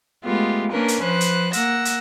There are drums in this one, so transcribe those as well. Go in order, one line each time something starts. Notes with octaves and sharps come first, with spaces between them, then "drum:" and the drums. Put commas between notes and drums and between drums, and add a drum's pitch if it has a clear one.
G#3 A3 B3 F4 G4
A#3 C#4 D4 A#4 B4
drum: hi-hat
F3 B4 C5 F#6
drum: hi-hat
A#3 F#5 E6 A#6, drum: hi-hat
drum: hi-hat